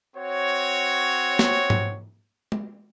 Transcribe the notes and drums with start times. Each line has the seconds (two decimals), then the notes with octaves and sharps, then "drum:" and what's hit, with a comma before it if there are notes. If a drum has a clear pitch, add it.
0.16 C4 F#4 C#5
1.39 drum: snare
1.70 drum: tom G#2
2.52 drum: tom G#3